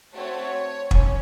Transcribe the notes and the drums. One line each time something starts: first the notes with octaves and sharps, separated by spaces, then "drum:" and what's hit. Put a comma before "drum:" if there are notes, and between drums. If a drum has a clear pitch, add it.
A3 C4 F#4 A4 C#5
C#4 C#5, drum: kick